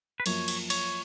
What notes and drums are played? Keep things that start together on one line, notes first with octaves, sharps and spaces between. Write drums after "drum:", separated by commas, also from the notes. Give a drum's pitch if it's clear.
B4
F#2 F3 A#3 C#5, drum: cymbal
drum: cymbal
C#5, drum: cymbal